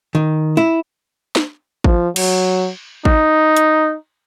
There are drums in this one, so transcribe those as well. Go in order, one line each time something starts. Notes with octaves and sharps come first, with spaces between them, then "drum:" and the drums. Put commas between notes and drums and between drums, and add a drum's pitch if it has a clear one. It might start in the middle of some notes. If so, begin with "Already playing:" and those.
D#3
E4
drum: snare
F3, drum: kick
F#3, drum: cymbal
D#4, drum: kick
drum: hi-hat